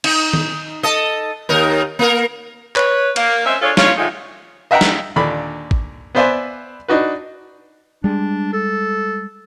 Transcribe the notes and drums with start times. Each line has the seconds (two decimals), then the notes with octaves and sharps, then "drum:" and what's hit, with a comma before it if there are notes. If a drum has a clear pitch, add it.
0.04 D#4, drum: cymbal
0.33 drum: tom D#3
0.83 A4 D#5
1.49 D#2 D#4 A#4
1.99 A#3 A#4
2.76 B4 C#5, drum: clap
3.16 A#3, drum: cymbal
3.46 G#3 C4 C#4 E5
3.61 D4 F4 G#4 A4 C#5
3.77 F4 C#5 F5, drum: snare
3.97 A2 D3 G#3 D#4 F4 E5
4.71 D#5 E5 F#5 G5 A#5
4.81 drum: snare
5.16 D#2 A#2 D3 D4 B5
5.71 drum: kick
6.15 B3 B4 C5 D5 E5 G#5
6.88 D4 D#4 F#4 B4
8.04 G3 G#3 D4
8.53 A4